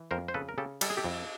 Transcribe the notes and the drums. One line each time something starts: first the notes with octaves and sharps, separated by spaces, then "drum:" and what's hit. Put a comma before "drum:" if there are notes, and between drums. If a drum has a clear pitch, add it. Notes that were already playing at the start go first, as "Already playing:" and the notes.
Already playing: E3
F2 A#4 C5
C5
C#3 A4 B4
A#4
C#3 G4 A4
G3 A4, drum: cymbal
G#4
G4 A4
F2